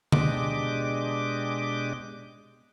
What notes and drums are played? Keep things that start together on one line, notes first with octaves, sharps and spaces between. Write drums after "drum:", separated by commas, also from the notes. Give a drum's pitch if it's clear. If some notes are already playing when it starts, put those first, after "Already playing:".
B2 G#3 D4 G4 D#5 D6, drum: tom D3